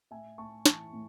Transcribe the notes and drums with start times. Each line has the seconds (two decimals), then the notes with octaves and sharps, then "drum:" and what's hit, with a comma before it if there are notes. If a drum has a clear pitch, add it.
0.11 A2 E5 G#5
0.38 A2 A5 C#6
0.66 E3 A5 C#6, drum: snare
0.93 A2